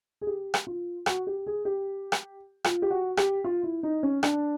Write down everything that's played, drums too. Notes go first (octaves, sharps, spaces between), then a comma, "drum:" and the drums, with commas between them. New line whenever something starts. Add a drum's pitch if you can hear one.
G#4
G4
drum: rim click
F4
F#4, drum: rim click
G4
G#4
G4
drum: rim click
F4, drum: rim click
G4
F#4
G4, drum: rim click
F4
E4
D#4
C#4
D4, drum: rim click